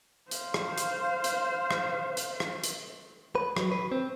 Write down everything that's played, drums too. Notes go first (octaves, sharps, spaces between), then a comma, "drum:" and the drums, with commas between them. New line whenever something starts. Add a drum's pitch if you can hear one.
C5 F5, drum: hi-hat
drum: rim click
drum: hi-hat
drum: hi-hat
drum: rim click
drum: hi-hat
drum: rim click
drum: hi-hat
B4
F#3, drum: rim click
B4
C4